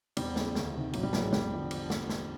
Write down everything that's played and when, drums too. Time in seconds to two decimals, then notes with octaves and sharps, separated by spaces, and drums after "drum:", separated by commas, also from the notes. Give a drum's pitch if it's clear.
0.17 E2 G3, drum: cymbal
0.36 C#3 E3, drum: snare
0.55 D2, drum: snare
0.74 C3 D#3
0.93 A1 F#3, drum: cymbal
1.03 G3
1.13 G#2 E3 F#3, drum: snare
1.22 G#3
1.32 E1 G3, drum: snare
1.53 D3 F3
1.71 drum: cymbal
1.90 drum: snare
2.09 drum: snare